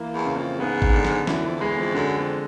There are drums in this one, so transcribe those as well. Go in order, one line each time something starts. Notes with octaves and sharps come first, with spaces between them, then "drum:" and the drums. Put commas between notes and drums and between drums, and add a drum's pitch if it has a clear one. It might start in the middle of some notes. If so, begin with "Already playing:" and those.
Already playing: E3 A#3
E2
C#3
F2
G#2 B3
drum: kick G#1
D3
drum: snare
F#2 E3, drum: snare
F2
F2
E2 G#3
F2
F#2 D3
F2